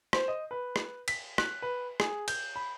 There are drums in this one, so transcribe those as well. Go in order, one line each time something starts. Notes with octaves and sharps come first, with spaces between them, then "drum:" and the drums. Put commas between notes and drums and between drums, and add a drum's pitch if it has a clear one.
C5, drum: rim click
D#5
B4
drum: rim click
B6, drum: cymbal
F#6, drum: rim click
B4
G#4, drum: rim click
G6, drum: cymbal
B5